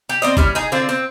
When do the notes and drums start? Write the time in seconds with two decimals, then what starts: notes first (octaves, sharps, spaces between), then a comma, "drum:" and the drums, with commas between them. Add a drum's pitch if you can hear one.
0.09 G4
0.22 C4 D5 D#5
0.37 G3 C#4 E4, drum: kick
0.55 D#4 G#4
0.72 D3 C4 F4 D5
0.89 C4